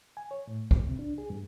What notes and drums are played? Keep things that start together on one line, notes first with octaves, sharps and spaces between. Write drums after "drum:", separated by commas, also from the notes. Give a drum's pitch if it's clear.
G#5
C#5
A2
G2, drum: kick
C3
D4
G#4
G2